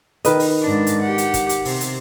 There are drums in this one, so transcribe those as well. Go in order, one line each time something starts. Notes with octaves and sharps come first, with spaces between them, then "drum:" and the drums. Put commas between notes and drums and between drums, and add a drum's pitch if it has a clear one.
D#3 B4 D#5, drum: hi-hat
drum: open hi-hat
G#2 D4
drum: hi-hat
G4 F#5
drum: hi-hat
drum: kick, hi-hat
drum: hi-hat
C3 C4, drum: open hi-hat
drum: hi-hat